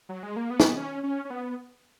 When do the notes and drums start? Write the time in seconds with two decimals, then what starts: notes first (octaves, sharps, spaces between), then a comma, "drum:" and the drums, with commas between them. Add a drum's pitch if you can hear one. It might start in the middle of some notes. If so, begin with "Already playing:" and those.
0.09 F#3
0.23 G#3
0.36 A#3
0.50 B3
0.60 drum: snare
0.77 C#4
1.03 C#4
1.25 C#4
1.30 B3